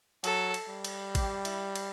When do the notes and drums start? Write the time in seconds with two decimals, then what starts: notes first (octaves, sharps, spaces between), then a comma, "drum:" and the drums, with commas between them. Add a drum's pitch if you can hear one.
0.24 F#3 A4, drum: cymbal
0.54 drum: cymbal
0.69 G3
0.85 drum: cymbal
1.15 G4, drum: kick A1, cymbal
1.45 E4, drum: cymbal
1.75 drum: cymbal